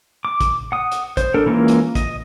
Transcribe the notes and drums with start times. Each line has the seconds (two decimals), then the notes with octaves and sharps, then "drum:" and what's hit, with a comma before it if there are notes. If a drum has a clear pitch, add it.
0.25 D6
0.41 drum: kick, hi-hat
0.72 F#5 D#6
0.92 drum: hi-hat
1.17 C5, drum: kick, hi-hat
1.34 D4 A4 A#4
1.46 E3 G#3 A#3 C#4 F4
1.68 drum: hi-hat
1.95 D#5, drum: kick, hi-hat